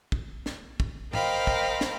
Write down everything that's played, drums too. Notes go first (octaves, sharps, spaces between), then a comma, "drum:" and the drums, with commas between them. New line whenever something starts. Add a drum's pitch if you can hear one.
drum: kick
drum: snare
drum: kick
A#4 C5 D#5 F5 G5 B5, drum: tom G#2
drum: kick
drum: snare